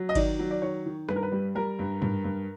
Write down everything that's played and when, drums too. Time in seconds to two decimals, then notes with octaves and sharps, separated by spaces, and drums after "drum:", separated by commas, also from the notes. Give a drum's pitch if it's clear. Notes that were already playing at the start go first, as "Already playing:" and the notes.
Already playing: F#3
0.09 D#5
0.15 D#3 D5, drum: kick G1, cymbal
0.39 F#3
0.51 D5
0.62 D#3 C#5
0.86 D#3
1.09 G2 B4, drum: rim click
1.16 A#4
1.23 B4
1.32 G3
1.55 G3 A#4
1.79 G2
2.02 G2, drum: tom
2.24 G2